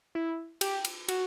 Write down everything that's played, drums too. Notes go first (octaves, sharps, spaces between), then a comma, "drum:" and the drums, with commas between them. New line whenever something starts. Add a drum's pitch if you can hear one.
E4
G4, drum: cymbal
drum: cymbal
F#4, drum: cymbal